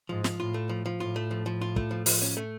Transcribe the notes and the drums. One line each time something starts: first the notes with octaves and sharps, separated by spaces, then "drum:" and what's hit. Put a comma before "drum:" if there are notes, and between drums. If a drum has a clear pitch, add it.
G#2 F3
F3, drum: snare
A2 F4
A3
F3
F3
A2 F4
A3
F3
F3
F4
A3, drum: kick
F3
F3, drum: open hi-hat
C#4
A3